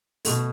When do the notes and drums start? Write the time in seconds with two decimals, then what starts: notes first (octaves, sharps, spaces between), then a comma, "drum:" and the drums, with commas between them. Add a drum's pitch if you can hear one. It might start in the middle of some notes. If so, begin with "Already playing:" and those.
0.25 B2 A3, drum: open hi-hat